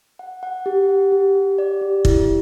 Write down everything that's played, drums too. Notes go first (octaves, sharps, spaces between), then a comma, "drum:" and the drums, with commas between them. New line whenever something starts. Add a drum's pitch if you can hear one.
F#5
F#5
G4
F#5
G4
G4
D5
G4
E4, drum: kick